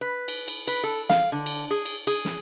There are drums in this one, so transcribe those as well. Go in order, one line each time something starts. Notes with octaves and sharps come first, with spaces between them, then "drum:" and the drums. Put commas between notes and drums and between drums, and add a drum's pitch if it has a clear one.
B4
drum: cymbal
drum: cymbal
B4, drum: cymbal
A4
F5, drum: snare
D3
drum: cymbal
G#4
drum: cymbal
G#4, drum: cymbal
drum: snare